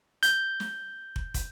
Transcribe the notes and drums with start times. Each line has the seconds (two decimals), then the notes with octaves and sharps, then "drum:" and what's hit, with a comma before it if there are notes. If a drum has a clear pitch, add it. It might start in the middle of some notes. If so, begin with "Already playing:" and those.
0.23 G6, drum: hi-hat
0.60 drum: snare
1.16 drum: kick
1.34 drum: kick, hi-hat